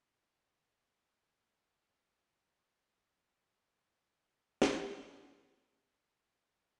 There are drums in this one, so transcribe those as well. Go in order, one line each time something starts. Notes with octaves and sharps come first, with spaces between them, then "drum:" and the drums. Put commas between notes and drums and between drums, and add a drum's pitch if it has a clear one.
E4
G5
A#4
G5
G#4
G#4
C#5
E4
A#3
A#3
C#4
C#5
D#4
E5
drum: snare